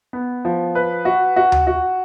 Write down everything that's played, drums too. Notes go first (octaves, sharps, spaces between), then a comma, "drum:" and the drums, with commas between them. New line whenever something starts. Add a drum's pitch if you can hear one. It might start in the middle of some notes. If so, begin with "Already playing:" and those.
B3
F3
B4
F#4
F#4
drum: tom D2
F#4